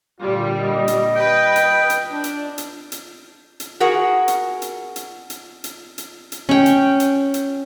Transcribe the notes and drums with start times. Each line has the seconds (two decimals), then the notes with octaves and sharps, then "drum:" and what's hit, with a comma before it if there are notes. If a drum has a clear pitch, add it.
0.20 A#2 D3 G3 F4
0.61 D#5
0.88 drum: hi-hat
1.16 B4 G5
1.56 drum: hi-hat
1.90 drum: hi-hat
2.10 D4
2.24 drum: hi-hat
2.58 drum: hi-hat
2.92 drum: hi-hat
3.60 drum: hi-hat
3.80 F#4 G#4 A#4 F#5
4.28 drum: hi-hat
4.62 drum: hi-hat
4.96 drum: hi-hat
5.30 drum: hi-hat
5.64 drum: hi-hat
5.98 drum: hi-hat
6.32 drum: hi-hat
6.49 C#4 G5
6.66 drum: hi-hat
7.00 drum: hi-hat
7.34 drum: hi-hat